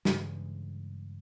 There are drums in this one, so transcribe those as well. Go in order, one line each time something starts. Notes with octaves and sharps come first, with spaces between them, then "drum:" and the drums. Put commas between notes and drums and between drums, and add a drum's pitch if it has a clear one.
G2 C#3 E3 G#3, drum: snare